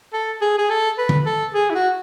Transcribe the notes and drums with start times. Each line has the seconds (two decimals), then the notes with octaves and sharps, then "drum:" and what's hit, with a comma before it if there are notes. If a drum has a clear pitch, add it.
0.13 A4
0.41 G#4
0.59 G#4
0.70 A4
0.98 B4
1.09 drum: tom D3
1.26 A4
1.54 G#4
1.70 E4
1.75 F#4